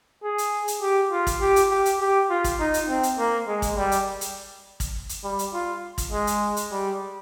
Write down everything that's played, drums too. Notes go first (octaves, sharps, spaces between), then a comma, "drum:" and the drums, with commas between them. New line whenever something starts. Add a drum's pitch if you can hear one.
G#4
drum: hi-hat
drum: hi-hat
G4
F4
drum: kick, hi-hat
G4
drum: hi-hat
G4
drum: hi-hat
G4
F4
drum: kick, hi-hat
D#4
drum: hi-hat
C4
drum: hi-hat
A#3
G#3
drum: kick, hi-hat
G3
drum: hi-hat
drum: hi-hat
drum: kick, hi-hat
drum: hi-hat
G3
drum: hi-hat
F4
drum: kick, hi-hat
G#3
drum: hi-hat
drum: hi-hat
G3